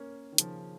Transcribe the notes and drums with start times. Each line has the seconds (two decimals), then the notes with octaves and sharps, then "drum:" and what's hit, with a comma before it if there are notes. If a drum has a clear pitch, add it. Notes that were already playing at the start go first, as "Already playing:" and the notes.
Already playing: A#3 C#4
0.32 D#3
0.38 C#3 F3, drum: hi-hat